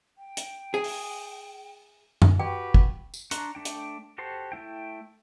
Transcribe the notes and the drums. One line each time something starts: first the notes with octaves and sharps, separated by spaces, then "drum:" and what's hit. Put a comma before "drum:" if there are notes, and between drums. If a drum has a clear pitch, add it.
G5
drum: hi-hat
G#4
drum: open hi-hat
drum: tom F#2
F#4 G4 B4 G5
drum: kick
drum: tambourine
D4 A#5 C6 C#6 F#6, drum: hi-hat
A3 D4 G5
drum: hi-hat
F#4 G4 A4 C5 C6
A3 E4 G5